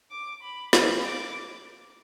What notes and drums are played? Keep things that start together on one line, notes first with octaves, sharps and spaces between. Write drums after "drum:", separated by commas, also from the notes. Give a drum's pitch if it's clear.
D6
B5
B5, drum: snare
D6